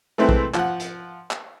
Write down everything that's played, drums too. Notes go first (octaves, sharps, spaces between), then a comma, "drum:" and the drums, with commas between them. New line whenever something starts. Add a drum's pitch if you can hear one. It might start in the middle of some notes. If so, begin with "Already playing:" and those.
E3 G#3 A3 C4 E4
drum: kick A#1
F3 F#5, drum: clap
drum: hi-hat
drum: clap